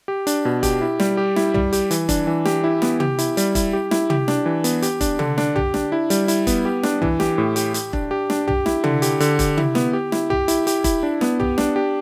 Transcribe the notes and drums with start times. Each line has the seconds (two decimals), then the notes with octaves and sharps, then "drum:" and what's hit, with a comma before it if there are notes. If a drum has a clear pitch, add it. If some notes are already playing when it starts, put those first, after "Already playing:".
0.08 G4
0.27 D4, drum: hi-hat
0.45 B2
0.63 G4, drum: kick E1, hi-hat
0.81 E4
1.00 G3, drum: snare
1.17 G4
1.36 E4, drum: snare
1.54 G3, drum: tom
1.73 G4, drum: hi-hat
1.91 E3, drum: hi-hat
2.09 D4, drum: kick E1, hi-hat
2.27 E3
2.45 G4, drum: snare
2.64 E4
2.82 B3, drum: snare
3.00 G4, drum: tom
3.18 E4, drum: hi-hat
3.37 G3, drum: hi-hat
3.55 E4, drum: kick E1, hi-hat
3.73 G4
3.91 E4, drum: snare
4.10 G4, drum: tom
4.28 D4, drum: snare
4.46 E3
4.64 B3, drum: hi-hat
4.82 G4, drum: hi-hat
5.01 D4, drum: kick E1, hi-hat
5.19 D3, drum: tom
5.38 D4, drum: snare
5.56 G4, drum: tom
5.74 D4, drum: snare
5.92 E4
6.10 G3, drum: hi-hat
6.28 E4, drum: hi-hat
6.47 B3, drum: kick E1, hi-hat
6.65 G4
6.83 D4, drum: snare
7.02 E3, drum: tom
7.20 G4, drum: snare
7.38 A2
7.56 G4, drum: hi-hat
7.74 G4, drum: hi-hat
7.93 D4, drum: kick E1
8.11 G4
8.30 D4, drum: snare
8.48 G4, drum: tom
8.66 E4, drum: snare
8.84 D3, drum: tom
9.02 G4, drum: hi-hat
9.20 D3, drum: hi-hat
9.39 G4, drum: kick E1, hi-hat
9.58 E4, drum: tom
9.75 B3, drum: snare
9.93 G4
10.12 E4, drum: snare
10.30 G4, drum: tom
10.48 E4, drum: hi-hat
10.67 G4, drum: hi-hat
10.84 E4, drum: kick E1, hi-hat
11.03 D4
11.21 B3, drum: snare
11.40 G4, drum: tom
11.58 D4, drum: snare
11.76 G4